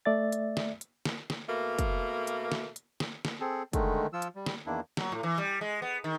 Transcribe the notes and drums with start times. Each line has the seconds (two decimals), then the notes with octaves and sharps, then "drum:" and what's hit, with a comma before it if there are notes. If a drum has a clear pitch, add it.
0.05 A3 D5 E5 A6
0.32 drum: hi-hat
0.57 drum: snare
0.81 drum: hi-hat
1.05 drum: snare
1.30 drum: snare
1.48 B2 A3 A#3
1.79 drum: kick, hi-hat
2.27 drum: hi-hat
2.52 drum: snare
2.76 drum: hi-hat
3.00 drum: snare
3.25 drum: snare
3.40 C4 G#4 A4
3.73 D3 D#3 G#3 A3, drum: kick, hi-hat
4.13 F3 F4 E6
4.22 drum: hi-hat
4.36 G3
4.46 drum: snare
4.66 E2 D#3 A#3 D4 E4
4.97 F#3, drum: snare
5.12 A2
5.23 E3
5.38 G3
5.61 G#3
5.82 B3
6.04 D#3